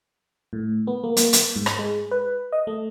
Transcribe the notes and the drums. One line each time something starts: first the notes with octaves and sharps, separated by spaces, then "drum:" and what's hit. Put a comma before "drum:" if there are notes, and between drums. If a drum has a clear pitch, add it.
A2
B3
A#3
A#3, drum: hi-hat
drum: hi-hat
G#2
drum: rim click
G#3
B4
D#5
A3